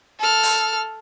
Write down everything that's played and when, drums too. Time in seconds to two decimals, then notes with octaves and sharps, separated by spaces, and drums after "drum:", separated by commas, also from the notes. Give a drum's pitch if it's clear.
0.19 A4 F6
0.43 drum: open hi-hat